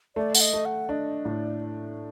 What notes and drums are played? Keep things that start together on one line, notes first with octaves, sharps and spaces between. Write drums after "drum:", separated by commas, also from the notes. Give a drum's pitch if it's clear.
A3 D5
F#5, drum: tambourine
D#5
A3
F#5
D4 D#5
A2 D5